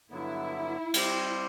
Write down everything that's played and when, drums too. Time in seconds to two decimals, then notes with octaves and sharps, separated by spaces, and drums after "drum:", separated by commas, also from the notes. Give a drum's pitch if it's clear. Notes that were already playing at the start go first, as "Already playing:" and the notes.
0.11 G2 D3 F#3 B3 E4
0.94 G3 C4 G4 C5, drum: cymbal